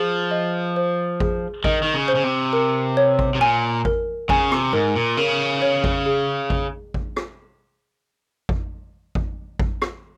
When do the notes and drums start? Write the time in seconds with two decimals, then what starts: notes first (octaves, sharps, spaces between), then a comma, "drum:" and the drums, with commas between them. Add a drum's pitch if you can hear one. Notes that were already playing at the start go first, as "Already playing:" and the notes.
Already playing: F3 G#4
0.31 D#5
0.76 C5
1.20 G#4, drum: kick A1
1.64 D#3 D#5, drum: kick A1
1.83 D#3
1.94 C#3
2.08 C5
2.15 C#3
2.24 C3
2.53 A#4
2.97 C#5
3.19 drum: kick A1
3.35 C3
3.41 A#2 G#5
3.85 A#4, drum: kick A1
4.29 C#3 G#5, drum: kick A1
4.52 C3, drum: rim click
4.73 G#2 A#4
4.96 A#2
5.17 C#3 A#4
5.62 C#5
5.84 drum: kick A1
6.06 G#4
6.50 drum: kick A1
6.94 drum: kick A1
7.16 drum: rim click
8.49 drum: kick A1
9.15 drum: kick A1
9.59 drum: kick A1
9.82 drum: rim click